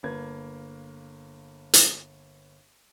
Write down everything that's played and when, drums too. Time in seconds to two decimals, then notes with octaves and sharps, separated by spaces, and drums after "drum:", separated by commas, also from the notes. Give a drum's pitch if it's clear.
0.03 G1 A#3 B4 G#6
1.73 drum: hi-hat